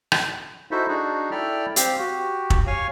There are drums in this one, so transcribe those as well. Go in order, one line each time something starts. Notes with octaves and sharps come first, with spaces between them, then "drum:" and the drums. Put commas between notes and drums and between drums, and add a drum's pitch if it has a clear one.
drum: rim click
D#4 E4 F#4 A4 C5 E5
D4 D#4 F#4 G#4
E4 A4 D5 E5 G5 F6
C4 G4 F5, drum: hi-hat
F#4 G4
drum: kick
C#5 F5 G#5 C#6